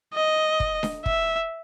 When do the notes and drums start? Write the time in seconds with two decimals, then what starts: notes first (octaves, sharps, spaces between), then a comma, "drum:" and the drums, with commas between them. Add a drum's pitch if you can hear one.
0.14 D#5
0.60 drum: kick
0.83 drum: snare D4
1.06 E5, drum: kick